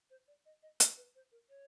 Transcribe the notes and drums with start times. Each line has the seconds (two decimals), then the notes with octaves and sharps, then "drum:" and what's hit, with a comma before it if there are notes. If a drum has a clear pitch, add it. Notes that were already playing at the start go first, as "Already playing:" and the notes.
0.10 C5
0.27 D5
0.45 D#5
0.62 D#5
0.80 E5, drum: hi-hat
0.97 B4
1.15 C5
1.31 A#4
1.49 C#5